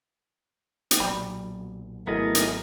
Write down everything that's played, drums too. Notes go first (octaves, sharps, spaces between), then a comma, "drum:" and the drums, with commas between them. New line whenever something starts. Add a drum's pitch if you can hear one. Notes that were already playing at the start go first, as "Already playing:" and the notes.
drum: hi-hat
B1 A#2 F#3 G3
G#1 F#3 A3 B3 E4 G#4 A#4 D#5
drum: hi-hat